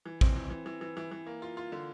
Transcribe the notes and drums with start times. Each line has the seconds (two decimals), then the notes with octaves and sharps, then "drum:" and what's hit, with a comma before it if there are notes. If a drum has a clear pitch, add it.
0.05 E3
0.21 C4, drum: kick A1
0.36 E3
0.50 E3
0.66 E3
0.81 E3
0.97 E3
1.11 E3
1.27 A#3
1.42 F4
1.57 F4
1.72 D3